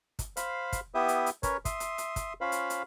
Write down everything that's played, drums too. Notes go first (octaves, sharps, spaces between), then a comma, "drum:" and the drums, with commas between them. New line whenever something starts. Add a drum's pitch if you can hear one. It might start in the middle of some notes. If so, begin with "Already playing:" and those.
drum: kick, hi-hat
C5 F5 B5, drum: hi-hat
drum: kick, hi-hat
B3 E4 G4 E5 D#6
drum: hi-hat
drum: hi-hat
C#4 A#4 B4 C#5, drum: kick, hi-hat
E5 C6 D#6, drum: kick, hi-hat
drum: hi-hat
drum: hi-hat
drum: kick, hi-hat
C#4 F4 C5 F5 B5
drum: hi-hat
drum: hi-hat